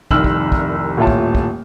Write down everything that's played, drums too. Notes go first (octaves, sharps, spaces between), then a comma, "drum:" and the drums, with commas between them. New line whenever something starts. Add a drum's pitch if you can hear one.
F1 C2 D#3 E6 F6 F#7, drum: kick
drum: kick
drum: kick
D#1 A2 A3 F4 C#5 A5
drum: kick
drum: kick